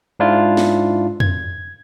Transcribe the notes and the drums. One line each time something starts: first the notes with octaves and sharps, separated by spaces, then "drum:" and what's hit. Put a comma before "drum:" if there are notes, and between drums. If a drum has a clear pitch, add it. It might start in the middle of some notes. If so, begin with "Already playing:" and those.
G#2 D4 E4 F4
drum: snare
G#6, drum: tom F2